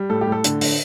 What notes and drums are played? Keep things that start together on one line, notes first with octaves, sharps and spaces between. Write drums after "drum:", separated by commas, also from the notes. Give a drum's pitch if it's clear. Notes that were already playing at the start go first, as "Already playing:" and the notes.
Already playing: G3
A2 A4
G4
A2
A4
D3, drum: hi-hat
D3, drum: open hi-hat